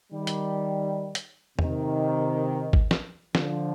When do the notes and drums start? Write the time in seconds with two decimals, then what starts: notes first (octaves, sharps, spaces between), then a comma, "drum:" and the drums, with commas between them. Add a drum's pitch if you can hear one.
0.12 D#3 G3
0.27 drum: hi-hat
1.15 drum: hi-hat
1.59 C3 D#3, drum: tom E2
2.73 drum: kick G#1
2.91 drum: snare
3.35 D3 F3, drum: snare